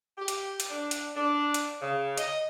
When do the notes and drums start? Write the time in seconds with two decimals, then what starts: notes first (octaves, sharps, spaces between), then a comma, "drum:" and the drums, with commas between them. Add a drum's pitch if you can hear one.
0.18 G4
0.28 drum: hi-hat
0.60 drum: hi-hat
0.71 D4
0.91 drum: hi-hat
1.15 D4
1.54 drum: hi-hat
1.81 C#3
2.18 D#5, drum: hi-hat